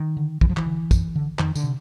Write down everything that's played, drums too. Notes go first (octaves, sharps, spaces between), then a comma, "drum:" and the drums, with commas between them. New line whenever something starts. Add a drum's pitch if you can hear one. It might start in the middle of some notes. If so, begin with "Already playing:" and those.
Already playing: D#3
D3
F#2 E3, drum: kick
F3
E3, drum: clap
D3
F#2, drum: kick, tambourine
D3
F2 D#3, drum: clap
D3, drum: tambourine
C3